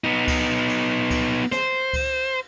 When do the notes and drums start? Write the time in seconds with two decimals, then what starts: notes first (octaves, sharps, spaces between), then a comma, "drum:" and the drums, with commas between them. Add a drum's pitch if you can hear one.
0.04 B3 D#4
0.28 drum: kick C#2, cymbal
0.69 drum: cymbal
1.11 drum: kick C#2, cymbal
1.52 C5, drum: snare
1.93 drum: kick C#2, cymbal